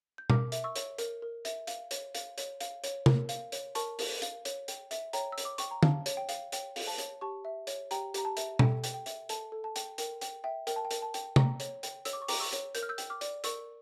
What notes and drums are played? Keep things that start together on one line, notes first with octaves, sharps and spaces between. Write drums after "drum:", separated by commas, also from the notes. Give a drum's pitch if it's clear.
G6
A#4 D6 F6, drum: tom B2
E5, drum: hi-hat
C#6 E6
C#5, drum: hi-hat
A#4, drum: hi-hat
A#4
E5, drum: hi-hat
F5, drum: hi-hat
C#5, drum: hi-hat
F5, drum: hi-hat
C#5, drum: hi-hat
F5, drum: hi-hat
C#5, drum: hi-hat
A#4, drum: tom
F5, drum: hi-hat
C#5, drum: hi-hat
A#4 A5 C#6, drum: hi-hat
A#4, drum: open hi-hat
F5, drum: hi-hat
C#5, drum: hi-hat
G5, drum: hi-hat
E5, drum: hi-hat
C#5 G5 A#5, drum: hi-hat
E6
C#5, drum: hi-hat
D6
G5 C#6, drum: hi-hat
A#5
F5 A5, drum: tom
C#5, drum: hi-hat
G5
F5, drum: hi-hat
C#5 G5, drum: hi-hat
F5, drum: open hi-hat
A5
C#5, drum: hi-hat
G4 A5 C#6
E5
C#5, drum: hi-hat
G4 G5 A#5, drum: hi-hat
G4 A#5, drum: hi-hat
A5
E5, drum: hi-hat
A4 G5, drum: tom B2
G5, drum: hi-hat
G5
E5, drum: hi-hat
A4 A5, drum: hi-hat
A4
A5
G5, drum: hi-hat
A#4 G5, drum: hi-hat
G5, drum: hi-hat
E5 G5
A#4 G5, drum: hi-hat
A5
G5
A#4, drum: hi-hat
A5
G5, drum: hi-hat
G5 A#5, drum: tom
C#5, drum: hi-hat
G5, drum: hi-hat
C#5 E6, drum: hi-hat
D6
C#6
G5 A#5 D6, drum: open hi-hat
C#6 E6
C#5, drum: hi-hat
A#4 G6, drum: hi-hat
F6
E6 G6
G5, drum: hi-hat
D6 F6
D5, drum: hi-hat
A#4 C#6 E6, drum: hi-hat